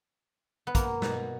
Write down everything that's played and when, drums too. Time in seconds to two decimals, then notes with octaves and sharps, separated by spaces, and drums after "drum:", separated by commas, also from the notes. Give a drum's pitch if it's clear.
0.67 B3
0.75 A#3, drum: kick, hi-hat
1.02 B2, drum: snare